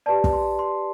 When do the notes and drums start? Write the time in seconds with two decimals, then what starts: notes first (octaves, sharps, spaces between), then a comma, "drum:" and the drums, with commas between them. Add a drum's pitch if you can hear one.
0.06 G4 B4 D5 A5
0.24 drum: kick
0.33 C6
0.59 C6